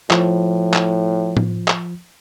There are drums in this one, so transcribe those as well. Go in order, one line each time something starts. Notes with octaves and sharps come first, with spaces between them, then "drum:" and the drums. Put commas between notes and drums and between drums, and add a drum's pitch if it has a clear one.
A2 F3, drum: clap
drum: clap
drum: tom A2
drum: clap